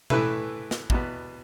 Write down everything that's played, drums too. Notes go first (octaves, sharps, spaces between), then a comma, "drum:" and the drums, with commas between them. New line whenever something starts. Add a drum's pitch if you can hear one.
A2 E3 A3 B4 E5, drum: tom B2
drum: snare
E2 B2 B3, drum: kick